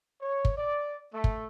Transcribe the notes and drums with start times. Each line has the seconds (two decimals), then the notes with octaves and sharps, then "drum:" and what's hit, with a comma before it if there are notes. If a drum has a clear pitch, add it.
0.20 C#5
0.45 drum: kick
0.56 D5
1.12 A3
1.24 drum: kick